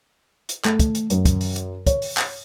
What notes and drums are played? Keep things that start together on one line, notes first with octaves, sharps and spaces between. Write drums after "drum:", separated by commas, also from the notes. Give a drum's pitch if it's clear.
drum: hi-hat
A3, drum: clap
drum: kick, hi-hat
drum: hi-hat
F#2, drum: hi-hat
drum: kick, hi-hat
drum: open hi-hat
drum: hi-hat
C#5, drum: kick, hi-hat
drum: open hi-hat
drum: clap